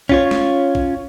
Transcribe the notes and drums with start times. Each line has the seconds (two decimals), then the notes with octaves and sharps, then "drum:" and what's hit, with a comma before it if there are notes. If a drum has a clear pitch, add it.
0.09 C#4 F4 C#5, drum: kick A1
0.31 drum: snare
0.75 drum: kick A1